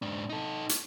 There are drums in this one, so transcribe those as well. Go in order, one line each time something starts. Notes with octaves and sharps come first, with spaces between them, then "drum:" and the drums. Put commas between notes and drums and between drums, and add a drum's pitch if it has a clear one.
G#2 D4
D#4 A4
drum: hi-hat